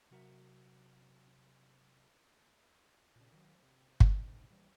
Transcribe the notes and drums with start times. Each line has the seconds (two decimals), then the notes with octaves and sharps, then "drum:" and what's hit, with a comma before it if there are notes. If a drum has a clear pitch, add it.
0.11 C3 F#3 F#4 A#4 E5
3.16 A#2 C#3
3.32 D#3 F3 F#3
3.63 C3
4.00 drum: kick
4.11 D2 G2 C3 D#3
4.51 A#1 E3 G3